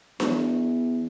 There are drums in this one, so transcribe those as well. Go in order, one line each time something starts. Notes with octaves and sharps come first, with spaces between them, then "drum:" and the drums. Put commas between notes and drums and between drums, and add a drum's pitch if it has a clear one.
E2, drum: snare D4